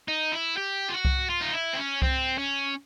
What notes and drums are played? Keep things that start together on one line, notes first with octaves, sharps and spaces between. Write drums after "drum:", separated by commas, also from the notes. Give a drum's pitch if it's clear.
D#4
E4
G4
F4
F#4
drum: kick C2
F4
D#4
E4
C4
C#4
C4, drum: kick C2
C#4